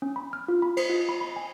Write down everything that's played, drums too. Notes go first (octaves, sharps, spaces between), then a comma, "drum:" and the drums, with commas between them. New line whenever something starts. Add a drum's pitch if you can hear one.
C#4
B5
F6
F4
B5
C5, drum: cymbal
F4
B5
B5
G#5